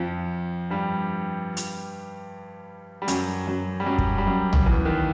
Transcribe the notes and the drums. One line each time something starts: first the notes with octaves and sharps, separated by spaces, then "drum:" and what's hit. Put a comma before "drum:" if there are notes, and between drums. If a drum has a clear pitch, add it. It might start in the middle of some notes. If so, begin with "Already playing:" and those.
Already playing: F2 F3
G2 G3
drum: hi-hat
G3
F#2 F#3, drum: hi-hat
F#2 F#3
G3
F#2 F#3
drum: kick
G3
F#2 F#3
drum: tom A#1
E2 E3
D#2 D#3